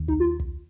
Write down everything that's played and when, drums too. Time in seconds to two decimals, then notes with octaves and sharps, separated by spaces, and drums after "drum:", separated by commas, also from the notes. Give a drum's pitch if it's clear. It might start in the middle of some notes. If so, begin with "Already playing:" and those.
Already playing: D#2 D#3
0.08 D#4, drum: kick
0.20 F4
0.40 drum: kick